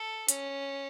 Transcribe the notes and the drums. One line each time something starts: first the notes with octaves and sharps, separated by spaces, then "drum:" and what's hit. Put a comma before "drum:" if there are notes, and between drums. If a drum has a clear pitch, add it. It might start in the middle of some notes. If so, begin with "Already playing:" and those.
Already playing: A4
C#4, drum: hi-hat